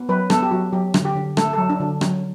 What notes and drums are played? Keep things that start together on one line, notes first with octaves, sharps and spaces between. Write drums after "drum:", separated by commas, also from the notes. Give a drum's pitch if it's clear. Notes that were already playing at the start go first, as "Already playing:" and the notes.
Already playing: B3
F#3 B4
B3 A4, drum: rim click
G4
F#3 F#4
F#3 G4
D3, drum: rim click
G4
D3
A3 A4, drum: rim click
F#3 A4
D4
D3
F#3, drum: rim click